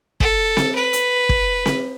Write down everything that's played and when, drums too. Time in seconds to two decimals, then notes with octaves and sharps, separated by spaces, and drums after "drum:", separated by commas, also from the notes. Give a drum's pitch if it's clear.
0.20 A4, drum: kick
0.57 drum: snare C4
0.75 B4
0.93 drum: hi-hat
1.29 drum: kick
1.66 drum: snare C4